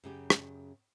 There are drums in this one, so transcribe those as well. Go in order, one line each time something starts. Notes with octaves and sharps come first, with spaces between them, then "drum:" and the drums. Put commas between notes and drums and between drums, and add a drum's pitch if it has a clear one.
F#2 C#3 G4
drum: rim click